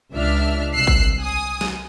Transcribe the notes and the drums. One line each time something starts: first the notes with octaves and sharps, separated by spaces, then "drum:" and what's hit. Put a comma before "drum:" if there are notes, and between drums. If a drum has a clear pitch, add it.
C#2 D4 E5 F6
C2 E6 F#6 C7
drum: kick G#1
G#5 D#6
drum: snare